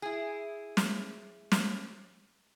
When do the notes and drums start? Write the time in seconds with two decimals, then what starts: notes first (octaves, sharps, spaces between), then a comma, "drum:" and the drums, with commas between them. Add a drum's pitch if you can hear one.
0.02 E4 G#4
0.77 drum: snare
1.52 drum: snare